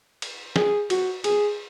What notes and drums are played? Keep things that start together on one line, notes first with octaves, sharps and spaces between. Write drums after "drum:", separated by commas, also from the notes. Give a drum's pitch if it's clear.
drum: cymbal
G#4, drum: snare
F#4, drum: cymbal
G#4, drum: cymbal